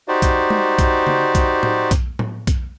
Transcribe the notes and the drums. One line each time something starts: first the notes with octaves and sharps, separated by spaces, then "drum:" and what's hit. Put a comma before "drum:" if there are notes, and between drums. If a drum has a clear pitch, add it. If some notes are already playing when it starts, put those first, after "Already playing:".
D#4 F#4 G4 C5 D5
drum: kick B1, hi-hat
drum: tom
drum: kick B1, hi-hat
drum: tom C#3
drum: kick B1, hi-hat
drum: tom A2
drum: kick B1, hi-hat
drum: tom A2
drum: kick B1, hi-hat